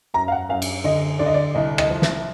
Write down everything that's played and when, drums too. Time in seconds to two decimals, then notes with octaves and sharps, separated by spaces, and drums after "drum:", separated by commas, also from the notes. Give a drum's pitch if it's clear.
0.14 F#2 A#5
0.28 F5
0.32 F#5
0.49 F#2 F5
0.62 drum: cymbal
0.84 D3 D#5
1.19 D3 D5
1.26 D#5
1.34 D5
1.55 C2 D#5
1.78 D#5, drum: rim click
1.90 F3
2.02 E5, drum: snare